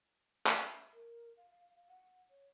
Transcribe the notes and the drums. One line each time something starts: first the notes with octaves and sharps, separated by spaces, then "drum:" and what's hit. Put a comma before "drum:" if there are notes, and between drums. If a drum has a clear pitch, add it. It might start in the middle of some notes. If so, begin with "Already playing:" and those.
drum: clap
E5
A#4
F5
F5
F#5
C#5